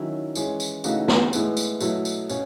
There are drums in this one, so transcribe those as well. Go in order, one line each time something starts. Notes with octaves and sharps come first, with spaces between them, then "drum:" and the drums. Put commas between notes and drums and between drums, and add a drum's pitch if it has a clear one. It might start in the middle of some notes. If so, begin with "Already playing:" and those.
Already playing: D#3 F#3 C#4 E4
E3 G#3 C#4, drum: tambourine
drum: tambourine
C#3 E3 A3 D#4 F#4, drum: tambourine
drum: snare
A2 G#3 B3 E4, drum: tambourine
drum: tambourine
B2 F#3 A3 E4, drum: tambourine
drum: tambourine
B2 C#4, drum: tambourine